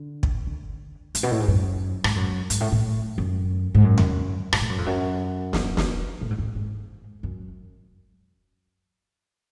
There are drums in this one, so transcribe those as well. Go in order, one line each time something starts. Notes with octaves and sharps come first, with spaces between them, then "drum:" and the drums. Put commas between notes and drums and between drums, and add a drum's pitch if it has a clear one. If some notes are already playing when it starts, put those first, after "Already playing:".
Already playing: D3
drum: kick
D3
G#2, drum: hi-hat
B2
A2
G#2
F#2
G#2, drum: rim click
F#2
G#2, drum: hi-hat
A2
A2
F#2
G#2
F#2
drum: tom E2
G#2, drum: rim click
A2
F#2
F2
F#2
drum: snare
drum: snare
A2
G#2
F2
G#2
F#2